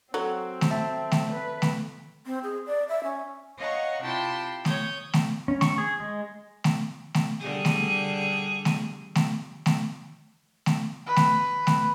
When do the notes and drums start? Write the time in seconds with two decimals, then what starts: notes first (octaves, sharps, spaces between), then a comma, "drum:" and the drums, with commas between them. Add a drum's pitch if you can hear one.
0.14 F#3 C4 A4
0.61 drum: snare A3
0.71 E5 A5
1.12 drum: snare A3
1.33 B4
1.62 drum: snare A3
2.26 C4
2.43 G#4
2.67 D5
2.89 E5
3.04 C#4
3.57 C#5 D#5 F5 F#5 A#5 C#6
4.01 C3 E4 F4 G5 A5 C6
4.65 C#5 D#6 G6, drum: snare A3
5.13 drum: snare A3
5.48 C#4
5.61 C#6, drum: snare A3
5.78 G#4
6.00 G#3
6.64 drum: snare A3
7.14 drum: snare A3
7.40 D3 G3 G#4
7.65 drum: snare A3
8.65 drum: snare A3
9.15 drum: snare A3
9.66 drum: snare A3
10.66 drum: snare A3
11.06 B4
11.16 drum: snare A3
11.67 drum: snare A3